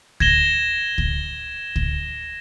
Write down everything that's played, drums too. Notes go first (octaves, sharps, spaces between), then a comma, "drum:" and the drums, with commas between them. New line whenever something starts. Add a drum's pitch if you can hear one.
G#6 A#6 E7 G7, drum: kick
drum: kick
drum: kick